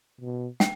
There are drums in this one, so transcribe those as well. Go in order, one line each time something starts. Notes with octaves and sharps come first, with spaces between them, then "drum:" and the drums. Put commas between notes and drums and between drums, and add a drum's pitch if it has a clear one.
B2
G5, drum: snare